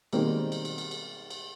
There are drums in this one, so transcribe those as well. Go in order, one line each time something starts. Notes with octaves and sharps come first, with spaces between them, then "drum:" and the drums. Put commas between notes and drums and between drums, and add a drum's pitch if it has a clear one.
B2 D#3 G3 G#3 A#3 C4, drum: cymbal
drum: cymbal
drum: cymbal
drum: cymbal
drum: cymbal
drum: cymbal